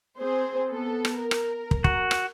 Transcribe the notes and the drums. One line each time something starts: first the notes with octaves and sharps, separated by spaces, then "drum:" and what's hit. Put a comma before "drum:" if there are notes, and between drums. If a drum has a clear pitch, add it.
C4 G#4 C5
B3 A4
drum: rim click
A#4
drum: rim click
drum: kick
F#4, drum: kick
drum: rim click